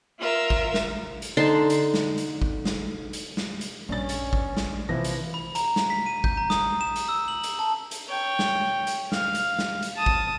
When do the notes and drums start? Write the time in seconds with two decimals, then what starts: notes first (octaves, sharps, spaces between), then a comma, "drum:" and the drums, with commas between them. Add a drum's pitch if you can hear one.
0.19 F4 A#4 E5
0.50 drum: kick
0.74 drum: snare
1.22 drum: hi-hat
1.37 D3 D#4 A5 C6
1.70 drum: hi-hat
1.94 drum: snare
2.18 drum: hi-hat
2.42 drum: kick
2.65 drum: snare
3.13 drum: hi-hat
3.37 drum: snare
3.61 drum: hi-hat
3.89 A#1 G2 C#4 A6
4.09 drum: hi-hat
4.33 drum: kick
4.57 drum: snare
4.89 C3 E3 F3 B4 A#6
5.04 drum: hi-hat
5.34 B5
5.55 A#5, drum: hi-hat
5.76 drum: snare
5.90 B6
6.06 D#7
6.24 G6, drum: kick
6.37 A#5
6.50 D#6, drum: snare
6.81 E7
6.96 drum: hi-hat
7.09 E6
7.28 F#7
7.43 drum: hi-hat
7.59 A5
7.91 drum: hi-hat
8.09 C#5 G5
8.39 drum: snare
8.87 drum: hi-hat
9.12 F5, drum: snare
9.35 drum: hi-hat
9.59 drum: snare
9.82 drum: hi-hat
9.96 A5 D#6
10.06 drum: kick